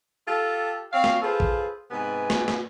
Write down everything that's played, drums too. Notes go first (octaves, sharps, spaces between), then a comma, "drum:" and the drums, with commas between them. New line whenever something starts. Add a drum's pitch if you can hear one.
F4 G4 A4
C4 C#5 F5
drum: snare
F4 G#4 A4 B4 C5
drum: kick A1
G#2 C3 B3 B4 G#5
drum: snare
drum: snare